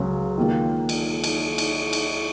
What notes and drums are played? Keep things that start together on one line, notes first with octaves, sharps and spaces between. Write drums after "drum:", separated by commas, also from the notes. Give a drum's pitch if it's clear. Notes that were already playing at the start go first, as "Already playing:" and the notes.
Already playing: C#2 C#3 F#3
D#3 A#3 F4
drum: cymbal
drum: cymbal
drum: cymbal
drum: cymbal